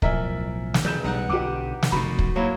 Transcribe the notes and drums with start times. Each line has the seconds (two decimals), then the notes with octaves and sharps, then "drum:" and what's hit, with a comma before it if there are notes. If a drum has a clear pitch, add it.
0.02 B1 A2 F3 A#4 E5 G#5, drum: kick
0.74 drum: snare
0.84 E1 E3 F#3 B4 G6 E7
1.04 B1 G3 D#4 F#5 F#6
1.29 B1 D3 G4 D6
1.83 drum: snare
1.92 F1 F#2 B2 D#4 F#4 B5
2.19 drum: kick
2.36 G#2 F#3 A#3 E4